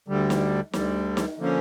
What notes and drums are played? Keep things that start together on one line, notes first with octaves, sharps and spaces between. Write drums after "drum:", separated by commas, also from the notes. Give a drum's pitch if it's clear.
D2 D3 G3
drum: snare
D2 D3 G3, drum: snare
drum: snare
D3 F3 A#3 C#4